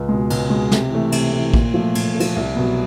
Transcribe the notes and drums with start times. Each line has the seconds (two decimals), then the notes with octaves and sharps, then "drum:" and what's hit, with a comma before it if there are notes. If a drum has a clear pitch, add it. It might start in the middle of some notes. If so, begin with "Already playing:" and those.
Already playing: C#2
0.09 G#3
0.14 B2
0.30 C#2, drum: cymbal
0.50 B2 G#3
0.71 C3, drum: snare
0.91 E3 A3
1.12 C3, drum: cymbal
1.32 E3 A3
1.54 A#2, drum: kick
1.74 F3 A3
1.95 A#2, drum: cymbal
2.15 A3
2.20 F3, drum: cymbal
2.36 C2
2.56 B2 F#3 B3